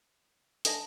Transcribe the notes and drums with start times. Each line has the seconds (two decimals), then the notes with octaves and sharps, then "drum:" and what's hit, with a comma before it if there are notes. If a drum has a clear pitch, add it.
0.65 D4 A4 E5 A5, drum: hi-hat